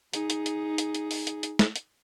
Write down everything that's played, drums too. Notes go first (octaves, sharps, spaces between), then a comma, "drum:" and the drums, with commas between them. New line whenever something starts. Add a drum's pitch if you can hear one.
D#4 G#4, drum: hi-hat
drum: hi-hat
drum: hi-hat
drum: hi-hat
drum: hi-hat
drum: open hi-hat
drum: hi-hat
drum: hi-hat
drum: snare
drum: hi-hat